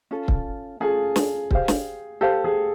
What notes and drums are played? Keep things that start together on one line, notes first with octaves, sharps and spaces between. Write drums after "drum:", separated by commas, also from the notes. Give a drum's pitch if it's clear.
C#4 F4 A4
drum: kick C#1
C#4 F4 G#4 A4
drum: snare
G4 C5 F5, drum: kick C#1
drum: snare
G4 A4 C5 F5
G#4